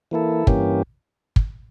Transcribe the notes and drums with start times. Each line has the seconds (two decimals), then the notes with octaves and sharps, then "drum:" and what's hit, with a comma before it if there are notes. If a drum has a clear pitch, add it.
0.11 E3 A#3 E4 A4
0.47 G2 E3 A#3 C#4 G4, drum: kick
1.36 drum: kick